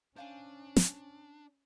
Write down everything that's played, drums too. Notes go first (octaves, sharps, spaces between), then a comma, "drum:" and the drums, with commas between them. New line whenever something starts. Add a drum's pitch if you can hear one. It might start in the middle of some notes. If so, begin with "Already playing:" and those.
C#4 D4 C5 F5 G#5
drum: snare